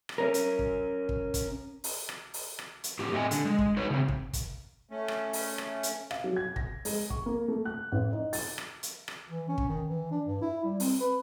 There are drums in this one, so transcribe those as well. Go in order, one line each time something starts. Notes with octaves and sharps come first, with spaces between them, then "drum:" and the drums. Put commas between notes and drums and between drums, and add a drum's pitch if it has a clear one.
drum: rim click
C#4 A#4
drum: hi-hat
drum: kick
drum: kick
drum: kick, hi-hat
drum: open hi-hat
drum: rim click
drum: open hi-hat
drum: rim click
drum: hi-hat
A2 F4 G4
A2 C4 D#5 G#5
D3, drum: hi-hat
G#3
drum: kick
D#4 B4 C#5
C#3 C4
drum: kick
drum: kick, hi-hat
A3 C#4
drum: rim click
drum: open hi-hat
drum: rim click
drum: hi-hat
F5, drum: rim click
F#3
G#6
A#6, drum: kick
G#3, drum: open hi-hat
C#6, drum: kick
A#3
A3
F#6
A1
D#4
A6, drum: open hi-hat
drum: rim click
drum: hi-hat
drum: rim click
E3
C#4
drum: kick
D#3
E3
D4
G2
E4
G3
C4, drum: open hi-hat
B4